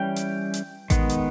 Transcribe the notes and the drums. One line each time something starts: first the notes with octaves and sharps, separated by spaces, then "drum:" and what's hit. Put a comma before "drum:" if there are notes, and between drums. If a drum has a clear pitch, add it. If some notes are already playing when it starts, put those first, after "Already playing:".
Already playing: E3 G3 C#4 G5
drum: hi-hat
drum: hi-hat
D#3 G#3 B3, drum: kick A1, hi-hat
drum: hi-hat